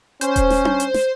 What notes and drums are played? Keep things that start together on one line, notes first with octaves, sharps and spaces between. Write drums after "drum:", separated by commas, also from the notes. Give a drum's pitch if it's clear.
C#4 C5, drum: hi-hat
drum: kick D#1, hi-hat
drum: snare
drum: tom D4
drum: hi-hat
drum: snare